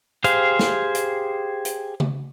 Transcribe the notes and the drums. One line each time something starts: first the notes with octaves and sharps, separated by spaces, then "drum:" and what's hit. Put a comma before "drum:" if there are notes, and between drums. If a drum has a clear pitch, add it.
G4 G#4 C5 F5, drum: hi-hat
drum: snare
drum: hi-hat
drum: hi-hat
drum: tom C#3